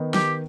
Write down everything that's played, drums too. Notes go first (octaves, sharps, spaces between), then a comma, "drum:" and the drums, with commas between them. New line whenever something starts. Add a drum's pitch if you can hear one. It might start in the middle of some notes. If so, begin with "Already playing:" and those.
Already playing: D#3 B3 D#4
G4, drum: snare